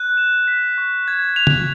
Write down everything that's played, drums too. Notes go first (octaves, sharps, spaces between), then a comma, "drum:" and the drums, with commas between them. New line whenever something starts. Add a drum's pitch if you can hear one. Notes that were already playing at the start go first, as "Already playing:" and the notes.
Already playing: F#6
E7
B6
C#6
G#6
F7
drum: tom C#3